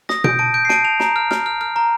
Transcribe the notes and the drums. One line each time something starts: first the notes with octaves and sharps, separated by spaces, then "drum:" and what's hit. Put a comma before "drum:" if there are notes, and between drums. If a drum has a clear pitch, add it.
D#6 A#6, drum: snare
G6 D7, drum: tom B2
A5 D7
G6 D7
C7
A5 D7, drum: snare
A5 F7
A#5, drum: snare
F6
F6, drum: snare
F6
F6
A#5